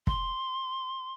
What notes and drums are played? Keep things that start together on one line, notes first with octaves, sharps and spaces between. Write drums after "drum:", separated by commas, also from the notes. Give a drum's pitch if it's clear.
C6, drum: kick